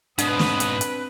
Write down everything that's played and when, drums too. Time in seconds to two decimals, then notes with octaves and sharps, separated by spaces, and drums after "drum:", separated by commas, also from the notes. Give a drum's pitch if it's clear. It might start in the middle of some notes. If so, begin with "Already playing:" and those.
0.18 G#2 B2 C4 D4 B4 C#5 D#6, drum: hi-hat
0.39 drum: snare
0.60 drum: hi-hat
0.81 drum: hi-hat